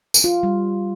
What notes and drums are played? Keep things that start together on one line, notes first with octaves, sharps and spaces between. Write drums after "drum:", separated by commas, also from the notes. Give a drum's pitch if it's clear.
drum: tambourine
F4
G3